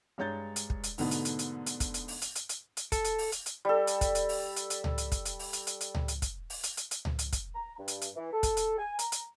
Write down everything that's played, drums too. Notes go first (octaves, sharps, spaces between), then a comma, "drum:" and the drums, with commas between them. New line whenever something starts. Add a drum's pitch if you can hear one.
G2 G#3 C#5 A#5 G6 A6
drum: hi-hat
drum: kick
drum: hi-hat
G#2 B2 D3 A3 B3 D#4, drum: open hi-hat
drum: hi-hat
drum: hi-hat
drum: hi-hat
drum: hi-hat
drum: kick, hi-hat
drum: hi-hat
drum: open hi-hat
drum: hi-hat
drum: hi-hat
drum: hi-hat
drum: hi-hat
A4, drum: kick, hi-hat
drum: hi-hat
drum: open hi-hat
drum: hi-hat
drum: hi-hat
G3 A4
drum: hi-hat
drum: kick, hi-hat
drum: hi-hat
drum: open hi-hat
drum: hi-hat
drum: hi-hat
drum: tom C#2
drum: hi-hat
drum: kick, hi-hat
drum: hi-hat
drum: open hi-hat
drum: hi-hat
drum: hi-hat
drum: hi-hat
drum: tom C#2
drum: hi-hat
drum: kick, hi-hat
drum: open hi-hat
drum: hi-hat
drum: hi-hat
drum: hi-hat
drum: tom C#2
drum: hi-hat
drum: kick, hi-hat
A#5
G2
drum: hi-hat
drum: hi-hat
E3
A4
drum: kick, hi-hat
drum: hi-hat
G#5
A#5, drum: hi-hat
drum: hi-hat